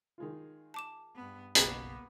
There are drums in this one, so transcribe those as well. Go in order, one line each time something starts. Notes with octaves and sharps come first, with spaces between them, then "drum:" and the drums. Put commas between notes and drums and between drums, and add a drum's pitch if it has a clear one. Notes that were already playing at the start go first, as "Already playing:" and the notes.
D#3 G#3 F4
A5 D6 E7
G2 B3
F#1 B1 A#3 B3, drum: hi-hat